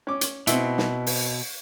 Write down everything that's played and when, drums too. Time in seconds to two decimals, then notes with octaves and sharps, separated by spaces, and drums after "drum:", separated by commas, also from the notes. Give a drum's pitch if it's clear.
0.07 C#4 D6
0.21 drum: hi-hat
0.47 B2 C4 E4, drum: hi-hat
0.78 drum: snare
1.07 drum: open hi-hat